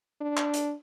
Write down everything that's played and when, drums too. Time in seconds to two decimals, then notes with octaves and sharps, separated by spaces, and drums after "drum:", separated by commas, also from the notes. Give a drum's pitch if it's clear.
0.21 D4
0.37 drum: clap
0.54 drum: hi-hat